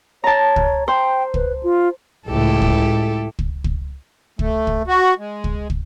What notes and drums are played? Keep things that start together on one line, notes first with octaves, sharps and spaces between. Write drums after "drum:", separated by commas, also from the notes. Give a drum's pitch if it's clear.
C#5 A5 A#5
drum: kick
C5 G5
B4, drum: kick
F4
C#2 A2 E4 G4 A4
drum: kick
drum: kick
drum: kick
A3, drum: kick
drum: kick
F#4
G#3
drum: kick
drum: kick